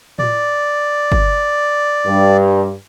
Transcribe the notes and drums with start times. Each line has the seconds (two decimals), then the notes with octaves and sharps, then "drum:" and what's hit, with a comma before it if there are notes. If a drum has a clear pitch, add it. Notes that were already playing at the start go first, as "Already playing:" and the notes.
0.19 D5, drum: tom A2
1.12 drum: kick G1
2.07 G2